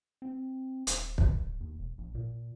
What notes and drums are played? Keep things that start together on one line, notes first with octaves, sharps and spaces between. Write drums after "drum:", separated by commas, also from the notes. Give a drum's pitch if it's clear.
C4
D#1, drum: hi-hat
drum: kick
D1
D#2
E1
A#1
A#2